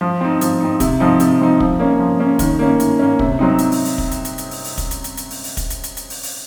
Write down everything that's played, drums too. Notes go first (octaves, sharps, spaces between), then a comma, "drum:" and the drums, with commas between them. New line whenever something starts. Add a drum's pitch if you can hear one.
F3
C4 D#4
F3, drum: hi-hat
C4 D#4
C3, drum: kick, hi-hat
F3 C4 D#4
C3, drum: hi-hat
F3 C4 D#4
F3, drum: kick
A#3 C#4
F3
A#3 C#4
D#3, drum: kick, hi-hat
A#3 C#4
D#3, drum: hi-hat
A#3 C#4
C3, drum: kick
F#3 C4 D#4
drum: hi-hat
drum: open hi-hat
drum: open hi-hat
drum: kick
drum: hi-hat
drum: hi-hat
drum: hi-hat
drum: open hi-hat
drum: open hi-hat
drum: kick, hi-hat
drum: hi-hat
drum: hi-hat
drum: hi-hat
drum: open hi-hat
drum: open hi-hat
drum: kick, hi-hat
drum: hi-hat
drum: hi-hat
drum: hi-hat
drum: open hi-hat
drum: open hi-hat